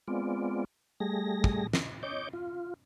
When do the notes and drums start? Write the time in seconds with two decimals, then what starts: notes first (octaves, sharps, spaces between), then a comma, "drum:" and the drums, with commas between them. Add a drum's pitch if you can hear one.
0.08 G#3 B3 C4 F4 D5
1.00 G3 A3 G#4 A#6
1.44 drum: kick
1.73 drum: snare
2.03 C#5 D#5 D6 G6
2.33 F4